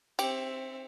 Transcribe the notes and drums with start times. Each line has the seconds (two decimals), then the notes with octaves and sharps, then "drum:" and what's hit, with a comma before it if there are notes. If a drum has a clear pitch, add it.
0.19 C4 G4 E5, drum: cymbal